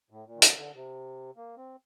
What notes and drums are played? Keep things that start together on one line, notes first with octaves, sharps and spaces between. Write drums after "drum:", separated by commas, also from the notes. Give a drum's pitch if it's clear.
A2
A#2
D#3
D3, drum: hi-hat
D3
C3
A#3
C4